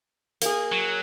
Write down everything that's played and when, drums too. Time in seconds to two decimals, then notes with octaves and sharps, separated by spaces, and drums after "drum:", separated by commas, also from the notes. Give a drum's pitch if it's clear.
0.42 A#3 G#4, drum: hi-hat
0.72 F#3